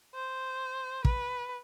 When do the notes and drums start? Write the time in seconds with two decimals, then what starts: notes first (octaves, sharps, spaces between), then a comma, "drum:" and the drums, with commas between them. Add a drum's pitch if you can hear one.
0.15 C5
1.05 B4, drum: kick